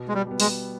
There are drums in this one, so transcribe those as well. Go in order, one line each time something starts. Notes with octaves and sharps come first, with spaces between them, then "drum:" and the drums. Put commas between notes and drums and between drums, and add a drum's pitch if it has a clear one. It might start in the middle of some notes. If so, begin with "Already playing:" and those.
Already playing: B2
G#3
G3
G3 B3
G#3, drum: open hi-hat